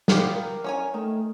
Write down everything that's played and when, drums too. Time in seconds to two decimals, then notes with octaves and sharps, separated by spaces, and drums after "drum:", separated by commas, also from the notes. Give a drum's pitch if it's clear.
0.08 B3 F4 G4, drum: snare
0.34 A#4
0.64 C#4 C#5 G#5
0.94 D#3 A3